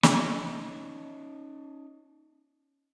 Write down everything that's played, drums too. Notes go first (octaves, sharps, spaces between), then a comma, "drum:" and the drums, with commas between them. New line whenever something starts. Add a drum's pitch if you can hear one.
C#4 D#4, drum: snare